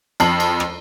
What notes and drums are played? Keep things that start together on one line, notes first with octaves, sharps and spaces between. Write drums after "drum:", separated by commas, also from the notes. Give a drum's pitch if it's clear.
F2 A5 C7 F#7, drum: cymbal
drum: cymbal
drum: rim click